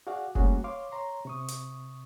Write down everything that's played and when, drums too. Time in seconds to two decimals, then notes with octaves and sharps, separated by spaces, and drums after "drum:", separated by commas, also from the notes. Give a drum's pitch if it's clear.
0.07 F#4 G#4 D5 F5 F#5
0.35 G3 A3 A#3 C#4 F#4 G#4, drum: kick F1
0.64 C#5 F5 C6 D6
0.92 C#5 A#5 C6
1.25 C3 C#6 D#6
1.48 drum: hi-hat